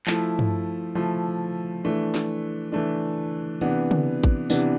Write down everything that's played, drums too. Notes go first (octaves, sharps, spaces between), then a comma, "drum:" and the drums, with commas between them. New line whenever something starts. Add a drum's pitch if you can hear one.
F3 A3 E4, drum: clap
drum: tom G2
F3 A3 E4
E3 A3 D4
drum: snare
E3 A3 D4
C3 E3 B3 D4, drum: hi-hat
drum: tom C#3
drum: kick A1
C3 E3 B3 D4, drum: tambourine